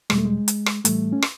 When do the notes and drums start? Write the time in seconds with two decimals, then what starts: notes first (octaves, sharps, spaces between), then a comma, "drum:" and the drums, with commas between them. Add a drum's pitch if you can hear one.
0.10 E2 B2 G3 G#3, drum: rim click
0.18 A3
0.25 G#3
0.48 drum: hi-hat
0.66 drum: rim click
0.85 A2 E3 G3 A3, drum: hi-hat
1.13 C#4
1.22 drum: rim click